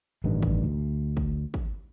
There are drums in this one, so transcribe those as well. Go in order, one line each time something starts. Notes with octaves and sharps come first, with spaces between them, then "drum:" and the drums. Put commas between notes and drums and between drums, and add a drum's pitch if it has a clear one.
A1 G2 D3 D#3
drum: kick
D2
drum: kick
drum: kick